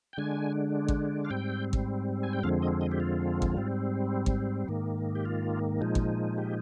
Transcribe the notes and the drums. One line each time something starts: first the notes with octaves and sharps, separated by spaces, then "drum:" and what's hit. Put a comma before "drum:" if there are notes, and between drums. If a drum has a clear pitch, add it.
G5
D3 G#3 D4 G#5
drum: kick G#1
F5
G#2 G3 C4 G5
drum: kick G#1
G#5
G5
F2 D3 F3 G#3 C4 F5
D#5
D#5
G4
F4
drum: kick G#1
G#2 G3 C4
drum: kick G#1
G#2 D#3 A#3
G4
F4
A#2 F3 G#3 D#4
drum: kick G#1
G4